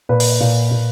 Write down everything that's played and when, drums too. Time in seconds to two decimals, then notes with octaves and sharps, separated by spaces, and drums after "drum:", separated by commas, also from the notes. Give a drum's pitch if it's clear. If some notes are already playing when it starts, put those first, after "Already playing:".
0.09 A#2 B4
0.20 drum: open hi-hat
0.40 A#2
0.71 A#2